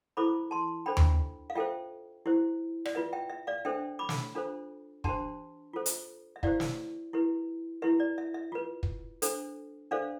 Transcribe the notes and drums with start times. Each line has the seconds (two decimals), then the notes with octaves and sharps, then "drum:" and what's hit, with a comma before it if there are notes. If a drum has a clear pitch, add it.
0.17 E4 A4 C5 B5 D6
0.51 A5 C6
0.86 D4 A4 C5 G5 B5
0.97 drum: tom D#2
1.50 F5
1.55 F4 A4 C5 E5 G5
2.26 E4 G4 C5
2.86 D5, drum: rim click
2.95 F4 B4 E5
3.13 E5 G5
3.29 E5
3.47 D5 F5
3.65 D4 A4 C5 E5 G5
3.99 B5 D6
4.09 drum: snare
4.35 D4 F4 A4 C5
5.04 D4 G4 C5 A5 C6, drum: kick
5.73 F4 A4 C5
5.86 drum: hi-hat
6.36 E5
6.43 E4 G4 C5 D5 F5, drum: kick
6.60 drum: snare
7.13 E4 G4 B4
7.82 E4 G4 B4 E5
8.00 D5
8.18 E5
8.34 E5
8.52 F4 B4
8.83 drum: kick
9.22 D4 A4 C5, drum: hi-hat
9.91 D4 A4 C5 D5 F5